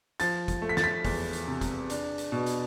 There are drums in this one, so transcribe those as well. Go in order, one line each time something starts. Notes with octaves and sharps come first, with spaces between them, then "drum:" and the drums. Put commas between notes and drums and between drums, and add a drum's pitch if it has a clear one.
F3 A6, drum: hi-hat
drum: kick, hi-hat
A3
B6
A6, drum: snare
B6
E2, drum: kick, open hi-hat
drum: hi-hat
C3
drum: kick, hi-hat
D4, drum: hi-hat
drum: hi-hat
B2
drum: hi-hat